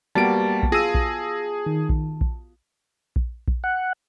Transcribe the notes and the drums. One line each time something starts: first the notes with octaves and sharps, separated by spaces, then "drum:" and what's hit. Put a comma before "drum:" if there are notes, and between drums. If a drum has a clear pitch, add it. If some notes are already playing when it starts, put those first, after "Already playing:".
G3 A#3 B3 F#4 G4 A5 A6 D7
drum: kick A#1
F4 G#4 E6 A#6 D#7
drum: kick A#1
D#3
drum: kick A#1
drum: kick A#1
drum: kick A#1
drum: kick A#1
F#5